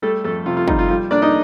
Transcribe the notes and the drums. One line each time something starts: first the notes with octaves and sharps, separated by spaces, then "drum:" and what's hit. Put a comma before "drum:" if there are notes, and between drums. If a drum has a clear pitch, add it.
G3 A3 A4
F2 A3 A4
C3 F4
F4
G3 D#4, drum: kick
F4
G3 F4
A#3 D4 D5
D#4 D#5